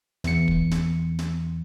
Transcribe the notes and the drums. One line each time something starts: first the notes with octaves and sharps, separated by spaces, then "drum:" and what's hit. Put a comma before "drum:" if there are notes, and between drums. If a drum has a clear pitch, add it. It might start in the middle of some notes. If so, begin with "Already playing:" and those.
E2 C#7, drum: snare
drum: kick
drum: snare
drum: snare